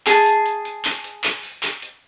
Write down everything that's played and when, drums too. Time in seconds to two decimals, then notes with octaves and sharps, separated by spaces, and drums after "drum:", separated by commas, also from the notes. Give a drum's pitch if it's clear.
0.07 G#4 A5, drum: clap
0.26 drum: hi-hat
0.46 drum: hi-hat
0.65 drum: hi-hat
0.85 drum: clap
1.04 drum: hi-hat
1.24 drum: clap
1.43 drum: open hi-hat
1.63 drum: clap
1.82 drum: hi-hat